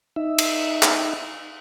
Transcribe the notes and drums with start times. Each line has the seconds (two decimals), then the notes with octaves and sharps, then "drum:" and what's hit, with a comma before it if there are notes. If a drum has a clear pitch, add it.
0.16 D#4 E5
0.38 drum: cymbal
0.83 drum: clap